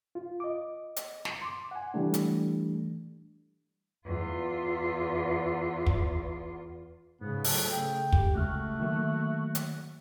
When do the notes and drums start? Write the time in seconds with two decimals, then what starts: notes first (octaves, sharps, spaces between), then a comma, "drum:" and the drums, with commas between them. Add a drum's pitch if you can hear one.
0.15 F4
0.40 D#5 D6
0.96 drum: hi-hat
1.25 drum: snare
1.42 C6 D6
1.71 F#5 G#5
1.94 E3 G3 A3 D4
2.14 drum: hi-hat
4.06 E2 F4
5.86 drum: kick
7.21 G#2 C#3 B3
7.44 F#3 A3 A4, drum: open hi-hat
7.70 C#3 G5
8.12 G4, drum: kick
8.35 C#3 G#3 A3 F#4 F6
8.79 D#3 F#3 A#3
9.55 drum: hi-hat